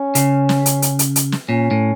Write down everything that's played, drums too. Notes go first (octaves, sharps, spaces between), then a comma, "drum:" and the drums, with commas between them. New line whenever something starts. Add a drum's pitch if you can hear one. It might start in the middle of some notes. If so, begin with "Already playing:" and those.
Already playing: C#4
C#3, drum: hi-hat
drum: snare
drum: hi-hat
drum: hi-hat
drum: hi-hat
drum: hi-hat
drum: snare
A#2 C#4
A2